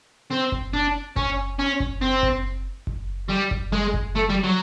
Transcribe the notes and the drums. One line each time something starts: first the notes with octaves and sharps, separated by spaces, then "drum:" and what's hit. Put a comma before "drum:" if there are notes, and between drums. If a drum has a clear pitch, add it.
C4
drum: kick F#1
D4
C#4, drum: kick F#1
C#4
drum: kick F#1
C4
drum: kick F#1
drum: kick F#1
G3
drum: kick F#1
G#3
drum: kick F#1
A3
G3
F#3